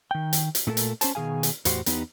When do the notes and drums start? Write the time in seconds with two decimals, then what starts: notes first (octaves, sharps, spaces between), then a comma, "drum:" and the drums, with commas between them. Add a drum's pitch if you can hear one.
0.11 D#3 G5
0.33 drum: hi-hat
0.55 drum: hi-hat
0.67 A#2 A3 D#4 F#4 A4 A#4
0.77 drum: hi-hat
1.01 C#4 C5 A5, drum: hi-hat
1.15 B2 D#3 G#4 F5 G#5
1.43 drum: hi-hat
1.65 E2 A2 F#4 G4 C5, drum: hi-hat
1.86 E2 B3 D#4 G4 B4, drum: hi-hat